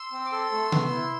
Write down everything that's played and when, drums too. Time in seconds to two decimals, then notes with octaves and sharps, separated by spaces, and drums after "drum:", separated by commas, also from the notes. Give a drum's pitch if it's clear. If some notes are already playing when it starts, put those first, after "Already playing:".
Already playing: C6 E6
0.12 C4
0.25 D6
0.32 A4 C6 E6
0.52 A3
0.72 B3, drum: tom C3
0.91 E4